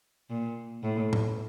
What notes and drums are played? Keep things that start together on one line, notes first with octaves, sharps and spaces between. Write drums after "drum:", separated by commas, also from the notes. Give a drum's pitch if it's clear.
A#2
A2
drum: tom A2